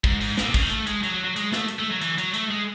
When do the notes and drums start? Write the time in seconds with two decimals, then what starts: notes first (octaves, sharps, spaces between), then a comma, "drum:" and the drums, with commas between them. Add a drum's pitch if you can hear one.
0.04 G#2, drum: kick
0.21 G#2, drum: open hi-hat
0.37 A2, drum: snare
0.45 C3
0.54 C#3, drum: kick, open hi-hat
0.62 D#3
0.70 A3, drum: hi-hat
0.87 G#3, drum: hi-hat
1.03 F#3, drum: hi-hat
1.14 F#3
1.24 F#3
1.36 G#3, drum: hi-hat
1.53 A3, drum: snare
1.68 drum: hi-hat
1.79 A3
1.91 F#3
2.01 E3, drum: hi-hat
2.18 F#3, drum: hi-hat
2.34 A3, drum: hi-hat
2.50 G#3